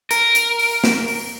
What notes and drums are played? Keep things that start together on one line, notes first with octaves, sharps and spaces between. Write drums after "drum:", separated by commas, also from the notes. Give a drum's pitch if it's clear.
A#4, drum: hi-hat
drum: hi-hat
drum: open hi-hat
drum: snare
drum: open hi-hat